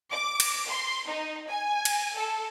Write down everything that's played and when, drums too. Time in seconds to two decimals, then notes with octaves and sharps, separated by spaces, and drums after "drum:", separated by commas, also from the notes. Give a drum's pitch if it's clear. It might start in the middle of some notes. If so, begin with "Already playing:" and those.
0.12 D6
0.40 drum: cymbal
0.68 C6
1.07 D#4
1.49 G#5
1.85 drum: cymbal
2.17 A4